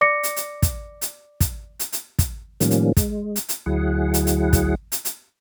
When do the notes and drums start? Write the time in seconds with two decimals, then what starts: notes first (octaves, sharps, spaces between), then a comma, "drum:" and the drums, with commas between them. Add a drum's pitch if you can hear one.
0.01 D5 D6 A#6 C#7
0.23 drum: hi-hat
0.36 drum: hi-hat
0.62 drum: kick, hi-hat
1.01 drum: hi-hat
1.41 drum: kick, hi-hat
1.80 drum: hi-hat
1.93 drum: hi-hat
2.19 drum: kick, hi-hat
2.60 A2 D#3 F3 G3 A#3 C#4, drum: hi-hat
2.71 drum: hi-hat
2.97 G#3, drum: kick, hi-hat
3.36 drum: hi-hat
3.49 drum: hi-hat
3.66 D2 F#3 E4 G#4 F#5
4.14 drum: hi-hat
4.27 drum: hi-hat
4.53 drum: kick, hi-hat
4.92 drum: hi-hat
5.05 drum: hi-hat